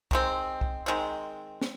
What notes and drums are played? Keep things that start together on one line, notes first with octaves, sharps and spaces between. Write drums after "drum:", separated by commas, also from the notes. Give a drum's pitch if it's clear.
D#3 G#3 C4, drum: kick
drum: kick
D#3 G#3 C4
drum: snare